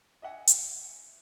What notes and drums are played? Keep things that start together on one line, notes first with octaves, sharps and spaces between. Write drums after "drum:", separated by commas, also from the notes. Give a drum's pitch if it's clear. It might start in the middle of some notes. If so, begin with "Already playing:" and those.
D#5 E5 F#5 G#5
drum: hi-hat